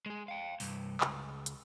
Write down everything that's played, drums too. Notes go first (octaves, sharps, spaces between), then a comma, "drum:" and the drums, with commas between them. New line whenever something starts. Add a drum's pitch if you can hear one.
G#3 G#4
F5 G5
C2 G2, drum: open hi-hat
C#2, drum: clap
drum: hi-hat